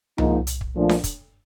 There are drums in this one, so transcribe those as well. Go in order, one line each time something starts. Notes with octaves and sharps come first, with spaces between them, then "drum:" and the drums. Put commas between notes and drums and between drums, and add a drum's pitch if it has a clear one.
G#2 F3 A#3 D#4, drum: tom C2
drum: hi-hat
drum: kick
A#2 F3 A3 D4
drum: snare D4
drum: kick, hi-hat